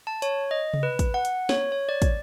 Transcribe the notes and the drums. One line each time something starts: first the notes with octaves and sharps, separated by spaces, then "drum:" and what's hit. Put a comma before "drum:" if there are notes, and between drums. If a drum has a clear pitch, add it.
A5
C#5, drum: hi-hat
D#5
drum: tom C3
B4
drum: kick, hi-hat
F#5
drum: hi-hat
C#5, drum: snare
C#5
D5
drum: kick, hi-hat